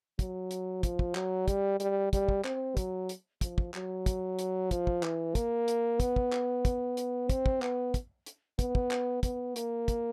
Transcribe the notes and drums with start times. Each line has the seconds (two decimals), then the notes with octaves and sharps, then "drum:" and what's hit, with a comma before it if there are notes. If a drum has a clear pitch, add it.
0.19 F#3, drum: kick, hi-hat
0.51 drum: hi-hat
0.83 F3, drum: kick, hi-hat
0.99 drum: kick
1.15 F#3, drum: clap
1.48 G3, drum: kick, hi-hat
1.80 G3, drum: hi-hat
2.13 G3, drum: kick, hi-hat
2.29 drum: kick
2.45 C4, drum: clap
2.77 F#3, drum: kick, hi-hat
3.09 drum: hi-hat
3.41 F3, drum: kick, hi-hat
3.58 drum: kick
3.74 F#3, drum: clap
4.06 drum: kick, hi-hat
4.39 drum: hi-hat
4.71 F3, drum: kick, hi-hat
4.87 drum: kick
5.03 E3, drum: clap
5.35 A#3, drum: kick, hi-hat
5.68 drum: hi-hat
6.00 B3, drum: kick, hi-hat
6.16 drum: kick
6.33 drum: clap
6.65 drum: kick, hi-hat
6.97 drum: hi-hat
7.30 C4, drum: kick, hi-hat
7.46 drum: kick
7.62 B3, drum: clap
7.94 drum: kick, hi-hat
8.26 drum: hi-hat
8.59 B3, drum: kick, hi-hat
8.75 drum: kick
8.91 drum: clap
9.23 B3, drum: kick, hi-hat
9.56 A#3, drum: hi-hat
9.88 drum: kick, hi-hat